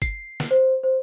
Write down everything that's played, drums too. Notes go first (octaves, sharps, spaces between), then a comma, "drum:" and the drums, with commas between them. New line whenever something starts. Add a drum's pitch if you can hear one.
C7, drum: kick G1, tambourine
drum: snare
C5
C5